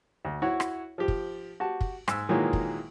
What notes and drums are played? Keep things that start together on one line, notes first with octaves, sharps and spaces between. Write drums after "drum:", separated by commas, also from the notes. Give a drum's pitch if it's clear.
D2
E4 F#4 C#5 F#5
drum: rim click
F3 G4
drum: kick
F#4 G4 A5
drum: kick
G#2 E6, drum: rim click
A#2 D#3 E3 F#3 G#3 A#3
drum: kick